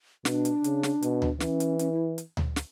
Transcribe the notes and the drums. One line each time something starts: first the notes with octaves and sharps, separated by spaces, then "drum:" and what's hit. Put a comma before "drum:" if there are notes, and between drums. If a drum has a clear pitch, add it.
B2 D4, drum: snare
drum: hi-hat
C#3, drum: hi-hat
drum: snare
B2, drum: hi-hat
drum: tom D2
E3 C#4, drum: snare
drum: hi-hat
C#4, drum: hi-hat
E4
drum: hi-hat
drum: tom D2
drum: snare